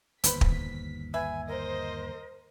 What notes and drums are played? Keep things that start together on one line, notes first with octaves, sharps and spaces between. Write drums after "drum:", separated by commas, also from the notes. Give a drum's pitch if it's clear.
G1 D#2 B4 C5 B6, drum: hi-hat
drum: kick
B4 E5 G#5
A#4 C5 D#5